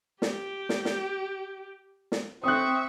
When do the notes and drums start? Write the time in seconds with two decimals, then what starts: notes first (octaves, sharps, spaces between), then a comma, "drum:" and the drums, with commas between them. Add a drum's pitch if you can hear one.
0.22 G4, drum: snare
0.69 drum: snare
0.85 drum: snare
2.12 drum: snare
2.44 C4 E5 C#6 D#6 F#6